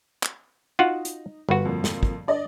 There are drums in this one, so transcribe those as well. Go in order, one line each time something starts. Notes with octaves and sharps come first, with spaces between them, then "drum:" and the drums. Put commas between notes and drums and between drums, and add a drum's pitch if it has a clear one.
drum: clap
D#4 F4 F#4 F#5
drum: hi-hat
G1 F#4 B4
F2 A#2
drum: snare
drum: kick
D4 D5 D#5